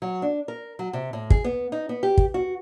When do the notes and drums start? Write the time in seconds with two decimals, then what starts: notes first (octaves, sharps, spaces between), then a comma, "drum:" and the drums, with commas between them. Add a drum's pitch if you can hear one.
0.02 F#3
0.22 D4
0.48 A#4
0.79 F#3
0.93 C3
1.13 A2
1.30 G#4, drum: kick
1.44 B3
1.72 D#4
1.89 B3
2.03 G4
2.18 drum: kick
2.34 F#4